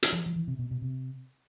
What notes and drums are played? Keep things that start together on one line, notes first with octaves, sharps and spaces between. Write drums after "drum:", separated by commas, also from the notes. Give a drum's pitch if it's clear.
drum: hi-hat
F3
F3
E3
C3
B2
B2
C3